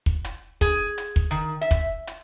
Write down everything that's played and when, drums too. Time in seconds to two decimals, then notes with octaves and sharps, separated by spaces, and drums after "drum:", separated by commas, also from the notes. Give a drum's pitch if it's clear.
0.06 drum: kick
0.25 drum: hi-hat
0.61 G#4, drum: kick, hi-hat
0.98 drum: hi-hat
1.16 drum: kick
1.31 D#3
1.61 E5
1.71 drum: kick, hi-hat
2.07 drum: hi-hat